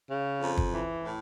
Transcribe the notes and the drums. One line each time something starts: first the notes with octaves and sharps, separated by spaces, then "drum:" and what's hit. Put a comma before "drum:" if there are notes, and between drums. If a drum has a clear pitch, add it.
C#3
F2
drum: kick
E3
A2